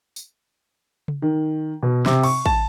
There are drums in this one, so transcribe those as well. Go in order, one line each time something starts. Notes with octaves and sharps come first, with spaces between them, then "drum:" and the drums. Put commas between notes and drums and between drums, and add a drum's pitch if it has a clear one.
drum: tambourine
drum: tom C#3
D#3
B2
C3, drum: snare
C#6, drum: cymbal
A5, drum: kick A1